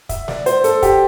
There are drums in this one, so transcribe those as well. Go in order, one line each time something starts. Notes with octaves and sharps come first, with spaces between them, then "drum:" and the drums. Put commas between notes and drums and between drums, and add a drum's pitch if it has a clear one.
E5, drum: kick, hi-hat
D5, drum: snare
C5, drum: hi-hat
A4, drum: hi-hat
G4, drum: kick, hi-hat